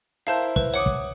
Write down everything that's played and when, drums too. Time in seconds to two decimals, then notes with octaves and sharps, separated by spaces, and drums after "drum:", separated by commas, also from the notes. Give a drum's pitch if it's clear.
0.27 E4 A#4 C5 F5 A5 G6
0.56 B4, drum: kick
0.74 C#5 F#5 D6 D#6 C#7
0.86 drum: kick